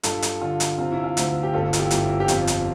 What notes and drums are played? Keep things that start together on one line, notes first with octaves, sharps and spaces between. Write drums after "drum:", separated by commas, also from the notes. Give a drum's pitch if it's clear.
G2 F4 A4, drum: hi-hat
drum: hi-hat
D3 F4
drum: hi-hat
C3 F4
E4
F4
D2, drum: hi-hat
G4
G1 F4 A4
F4, drum: hi-hat
E4 G4
G1, drum: hi-hat
E4
G4
F2 F4, drum: hi-hat
drum: hi-hat